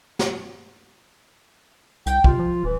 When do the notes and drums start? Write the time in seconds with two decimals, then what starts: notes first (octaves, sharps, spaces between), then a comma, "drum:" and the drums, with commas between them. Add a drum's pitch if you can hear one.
0.19 drum: snare
2.06 C2 G5, drum: hi-hat
2.24 C3 F4, drum: kick
2.39 F3
2.64 D#1 E3